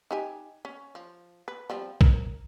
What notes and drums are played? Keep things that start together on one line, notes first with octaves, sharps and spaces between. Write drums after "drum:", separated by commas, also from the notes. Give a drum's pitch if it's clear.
D#4 G4 G#5
C#4
F3
B4
F3 G3 C4
A#4, drum: kick A#1